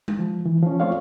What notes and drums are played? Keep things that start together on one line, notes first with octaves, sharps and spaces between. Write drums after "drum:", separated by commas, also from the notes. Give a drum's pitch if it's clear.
drum: tom G#3
F3
E3
F3 C#4
A3 C4 F4 C#5 D5 F5